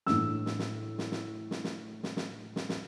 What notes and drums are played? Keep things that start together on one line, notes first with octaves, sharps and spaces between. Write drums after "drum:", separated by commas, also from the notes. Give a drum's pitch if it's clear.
A2 E3 D4 E6, drum: snare
drum: snare
drum: snare
drum: snare
drum: snare
drum: snare
drum: snare
drum: snare
drum: snare
drum: snare
drum: snare